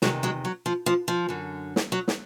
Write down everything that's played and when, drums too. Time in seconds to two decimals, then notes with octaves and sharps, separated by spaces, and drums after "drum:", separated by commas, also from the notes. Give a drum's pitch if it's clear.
0.02 E2 C3 D#3 F#3 G#3, drum: snare
0.23 F#3 G#3
0.45 F#3
0.66 F3
0.86 F3
1.08 F3
1.29 F#2 D3
1.76 drum: snare
1.92 F#3
2.08 drum: snare